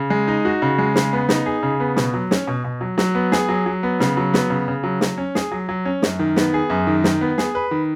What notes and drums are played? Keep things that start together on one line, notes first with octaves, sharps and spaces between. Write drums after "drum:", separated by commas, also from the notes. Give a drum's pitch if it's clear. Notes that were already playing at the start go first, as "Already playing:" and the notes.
Already playing: C#3
G#3
D#4
F#4
C#3
G#3
C#3, drum: snare
B3
D#4, drum: snare
G#4
C#3
B3
B2, drum: snare
F#3
C#4, drum: snare
B2
B2
F#3
F#3, drum: snare
B3
G#4, drum: snare
F#3
F#3
B3
C#3, drum: snare
F#3
B3, drum: snare
C#3
C#3
F#3
F#3, drum: snare
C#4
G#4, drum: snare
F#3
F#3
C#4
F#2, drum: snare
D#3
B3, drum: snare
G#4
F#2
D#3
D#3, drum: snare
B3
G#4, drum: snare
B4
D#3